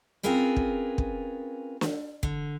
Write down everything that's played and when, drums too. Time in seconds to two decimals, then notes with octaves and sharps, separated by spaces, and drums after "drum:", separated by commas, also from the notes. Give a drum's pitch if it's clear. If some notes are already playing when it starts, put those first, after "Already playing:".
0.23 C4 C#4 F4 G#4 A#4 B4
0.56 drum: kick
0.98 drum: kick
1.81 drum: snare
2.23 D3, drum: kick